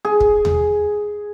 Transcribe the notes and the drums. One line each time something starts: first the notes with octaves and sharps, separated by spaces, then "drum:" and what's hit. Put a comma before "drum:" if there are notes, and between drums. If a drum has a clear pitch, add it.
G#4
drum: kick
drum: tom D#2